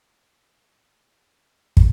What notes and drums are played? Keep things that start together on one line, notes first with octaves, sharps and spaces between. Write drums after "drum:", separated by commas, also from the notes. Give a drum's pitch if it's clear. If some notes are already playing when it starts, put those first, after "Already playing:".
Already playing: E5
D5
drum: kick